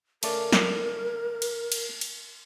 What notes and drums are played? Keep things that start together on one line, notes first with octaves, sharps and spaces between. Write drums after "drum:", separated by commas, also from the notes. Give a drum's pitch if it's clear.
C#3 A3 A#4 D5, drum: cymbal
drum: snare
drum: cymbal
drum: cymbal
drum: cymbal